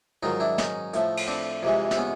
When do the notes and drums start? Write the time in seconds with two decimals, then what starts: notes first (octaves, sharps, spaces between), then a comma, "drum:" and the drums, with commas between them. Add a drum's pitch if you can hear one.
0.23 G#2 D#3 F#3 D#4 F4
0.40 D4 E4
0.58 C#4 D#4, drum: snare
0.94 A2 F3 A3, drum: hi-hat
1.17 drum: cymbal
1.27 C4 D4
1.63 F2 C3 E3 G#3
1.91 C4, drum: snare
1.97 B3 C#4